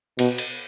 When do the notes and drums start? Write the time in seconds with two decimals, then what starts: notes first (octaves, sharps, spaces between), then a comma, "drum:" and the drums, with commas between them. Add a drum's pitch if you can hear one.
0.19 B2, drum: cymbal
0.38 drum: cymbal